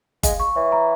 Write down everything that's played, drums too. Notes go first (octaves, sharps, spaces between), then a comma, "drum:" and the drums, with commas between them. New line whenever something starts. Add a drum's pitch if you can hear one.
G#3 F5, drum: kick G1, hi-hat
C#6
E3 C#5
A#5